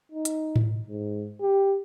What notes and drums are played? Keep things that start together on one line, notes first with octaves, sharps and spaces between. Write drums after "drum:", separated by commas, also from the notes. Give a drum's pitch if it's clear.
D#4
drum: hi-hat
drum: tom A2
G#2
G4